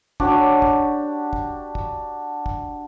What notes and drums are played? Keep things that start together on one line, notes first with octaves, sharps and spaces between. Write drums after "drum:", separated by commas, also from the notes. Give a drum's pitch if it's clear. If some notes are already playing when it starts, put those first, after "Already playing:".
D4 F#4 G4 C#5, drum: kick
drum: kick
drum: kick
drum: kick
drum: kick